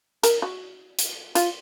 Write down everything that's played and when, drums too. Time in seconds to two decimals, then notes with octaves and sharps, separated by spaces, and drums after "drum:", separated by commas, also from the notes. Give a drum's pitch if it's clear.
0.23 A#4, drum: hi-hat
0.42 F#4
0.98 drum: hi-hat
1.35 F4, drum: hi-hat